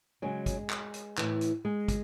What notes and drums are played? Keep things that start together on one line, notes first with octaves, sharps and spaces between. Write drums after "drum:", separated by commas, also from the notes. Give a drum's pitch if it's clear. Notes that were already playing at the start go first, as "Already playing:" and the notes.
C#3 F#3 G#3
drum: kick, hi-hat
drum: clap
drum: hi-hat
A2 E3, drum: clap
drum: hi-hat
G#3
drum: kick, hi-hat